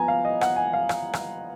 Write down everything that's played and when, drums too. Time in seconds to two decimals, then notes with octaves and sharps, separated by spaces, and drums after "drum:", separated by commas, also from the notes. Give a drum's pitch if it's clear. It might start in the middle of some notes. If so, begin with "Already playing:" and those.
Already playing: F3 B3 G#5 A#5
0.08 F5
0.25 D#5
0.41 F#5, drum: rim click
0.56 G#5
0.73 F5
0.89 drum: rim click
1.13 drum: rim click